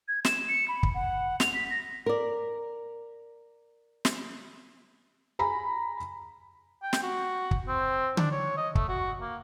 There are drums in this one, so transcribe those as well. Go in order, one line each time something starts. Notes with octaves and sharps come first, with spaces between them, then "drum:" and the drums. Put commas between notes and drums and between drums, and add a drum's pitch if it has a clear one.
G#6
E7, drum: snare
C#7
B5
drum: kick
F#5
F7, drum: snare
B6
A#6
A#4 D5
drum: snare
G#5 A#5 B5
G5
drum: snare
F#4
drum: kick
C4
D4, drum: tom D3
C#5
D#5
A3, drum: kick
F#4
A#3